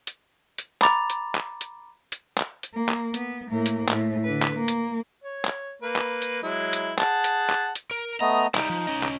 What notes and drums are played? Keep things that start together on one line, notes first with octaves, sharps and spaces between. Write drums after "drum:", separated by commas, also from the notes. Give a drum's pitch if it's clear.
drum: hi-hat
drum: hi-hat
A#5 B5 D6 A6 F7, drum: clap
drum: hi-hat
drum: clap
drum: hi-hat
drum: hi-hat
drum: clap
drum: hi-hat
A#3
drum: clap
B3, drum: hi-hat
A2 A#3
drum: hi-hat
A2, drum: clap
D3 B4
drum: clap
A#3
drum: hi-hat
C#5
drum: clap
A#3 B4
drum: clap
drum: hi-hat
F#3 G#3 E4
drum: hi-hat
G#4 F#5 A5, drum: clap
drum: hi-hat
drum: clap
drum: hi-hat
A#4
A3 B3 D#5 A#5
G3 D#4 E4, drum: clap
F3
C#4 D#5
drum: clap